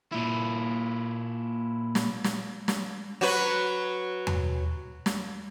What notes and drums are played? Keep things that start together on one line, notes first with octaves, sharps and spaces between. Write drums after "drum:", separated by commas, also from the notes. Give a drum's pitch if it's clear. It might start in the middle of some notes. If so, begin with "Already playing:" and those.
A#2 E4
drum: snare
drum: snare
drum: snare
F#3 F#4 B4
drum: tom E2
drum: snare